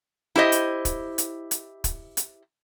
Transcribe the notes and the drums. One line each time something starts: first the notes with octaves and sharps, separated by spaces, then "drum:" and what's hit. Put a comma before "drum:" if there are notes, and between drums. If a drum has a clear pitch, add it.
E4 G4 C5 D#5
drum: hi-hat
drum: kick, hi-hat
drum: hi-hat
drum: hi-hat
drum: kick, hi-hat
drum: hi-hat